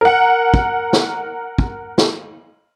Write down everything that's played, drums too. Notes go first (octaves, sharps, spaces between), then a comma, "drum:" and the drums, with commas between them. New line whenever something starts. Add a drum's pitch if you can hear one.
A#4 F#5
drum: kick
drum: snare
drum: kick
drum: snare